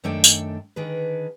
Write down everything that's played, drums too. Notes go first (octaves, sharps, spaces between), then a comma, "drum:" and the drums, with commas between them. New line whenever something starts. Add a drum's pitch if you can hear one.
F#2 D#3 A3 D4 A4 G5
drum: tambourine
D3 D#3 G#4 B4